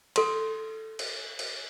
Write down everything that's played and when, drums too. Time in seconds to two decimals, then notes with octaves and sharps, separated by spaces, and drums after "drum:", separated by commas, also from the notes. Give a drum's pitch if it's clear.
0.16 A4 C6, drum: cymbal
0.99 drum: cymbal
1.39 drum: cymbal